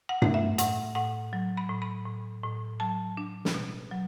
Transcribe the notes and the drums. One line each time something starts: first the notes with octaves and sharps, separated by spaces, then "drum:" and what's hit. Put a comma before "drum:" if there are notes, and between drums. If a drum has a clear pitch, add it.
F#5
A3, drum: tom G2
E5
A2 F#5, drum: hi-hat
A2 F#5
F#3
B5
A2
B5
A2
A2
F#3 A5
D4
drum: snare
B2
F#3